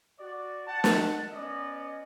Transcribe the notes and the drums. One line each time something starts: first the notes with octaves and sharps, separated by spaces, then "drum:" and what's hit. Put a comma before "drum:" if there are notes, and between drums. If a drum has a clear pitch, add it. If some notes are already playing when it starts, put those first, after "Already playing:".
F#4 D5
F#5 A5
drum: snare
B3 C#4 D5 D#5